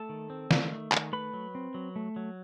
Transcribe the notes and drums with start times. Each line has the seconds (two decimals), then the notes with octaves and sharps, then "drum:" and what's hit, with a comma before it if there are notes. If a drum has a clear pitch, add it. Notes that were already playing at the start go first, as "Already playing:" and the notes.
Already playing: A3 A4 A5
0.09 D#3
0.30 C4
0.51 D#3, drum: snare
0.72 A3
0.92 D#3, drum: clap
1.12 A3 B4 B5
1.34 F#3
1.55 C4
1.74 F#3
1.96 A3
2.16 F#3